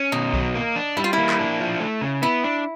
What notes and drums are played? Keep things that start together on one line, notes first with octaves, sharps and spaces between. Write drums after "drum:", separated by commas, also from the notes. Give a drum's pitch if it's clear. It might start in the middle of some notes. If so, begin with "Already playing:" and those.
Already playing: C#4
B2 D#4
F#3, drum: kick B1
A#3
D4
G3 E4
F4
E4
A#3
drum: clap
D4
F3
A3
C#3
B3 E4
D4